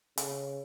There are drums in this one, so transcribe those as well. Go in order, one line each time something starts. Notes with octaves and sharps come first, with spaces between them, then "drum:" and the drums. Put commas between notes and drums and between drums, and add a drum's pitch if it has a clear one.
C#3, drum: hi-hat